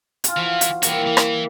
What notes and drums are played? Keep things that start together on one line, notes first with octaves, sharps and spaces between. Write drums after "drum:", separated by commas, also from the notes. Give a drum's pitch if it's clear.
F4 G#5, drum: hi-hat
E3 F3 F#4 F5
drum: hi-hat
E3 G3 A#3 E4 F#4, drum: hi-hat
E3
drum: rim click